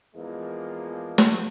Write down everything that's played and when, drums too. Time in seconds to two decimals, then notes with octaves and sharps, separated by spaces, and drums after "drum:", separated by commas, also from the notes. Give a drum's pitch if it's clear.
0.16 E2 F3 G#3 A#3
1.18 drum: snare